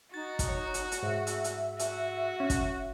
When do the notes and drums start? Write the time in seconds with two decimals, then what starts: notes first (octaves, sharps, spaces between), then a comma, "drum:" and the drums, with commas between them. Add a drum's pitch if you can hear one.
0.14 D#4 F#4 A6
0.39 drum: kick, hi-hat
0.49 C#5
0.74 drum: hi-hat
0.92 drum: hi-hat
1.03 G#2 E5
1.27 drum: hi-hat
1.44 drum: hi-hat
1.79 F#4, drum: hi-hat
2.40 C#4
2.50 drum: kick, hi-hat